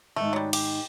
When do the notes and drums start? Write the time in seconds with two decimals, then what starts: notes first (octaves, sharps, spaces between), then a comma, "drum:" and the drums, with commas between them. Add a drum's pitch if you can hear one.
0.16 G#2 D#3 A3
0.33 F#3 G3
0.53 G4, drum: cymbal